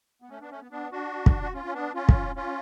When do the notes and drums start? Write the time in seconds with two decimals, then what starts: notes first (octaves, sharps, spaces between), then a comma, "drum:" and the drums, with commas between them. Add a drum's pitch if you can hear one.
0.22 B3
0.30 A3 C#4
0.41 B3 D4
0.51 A3 C#4
0.61 B3
0.71 B3 D4
0.92 D4 F#4
1.26 drum: kick
1.43 F#4
1.53 C#4 F4
1.65 C#4
1.74 B3 D4
1.95 C#4 F4
2.09 drum: kick
2.36 C#4 F4